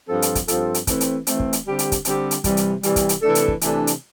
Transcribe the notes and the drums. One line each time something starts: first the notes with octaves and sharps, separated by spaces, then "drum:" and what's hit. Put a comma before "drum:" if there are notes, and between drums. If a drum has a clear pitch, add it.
G2 F3 C4 F4 A4
drum: hi-hat
drum: kick, hi-hat
G2 F3 C4 F4 A4, drum: hi-hat
drum: hi-hat
E3 A3 C4, drum: kick, hi-hat
drum: hi-hat
E3 A3 C4, drum: hi-hat
drum: kick
drum: hi-hat
D3 G3 C4 G4
drum: hi-hat
drum: kick, hi-hat
D3 G3 C4 G4, drum: hi-hat
drum: hi-hat
C3 E3 G3, drum: kick, hi-hat
drum: hi-hat
C3 E3 G3, drum: hi-hat
drum: kick, hi-hat
drum: hi-hat
C3 E3 A3 D4 A4
drum: hi-hat
drum: kick
C3 E3 A3 D4 A4, drum: hi-hat
drum: hi-hat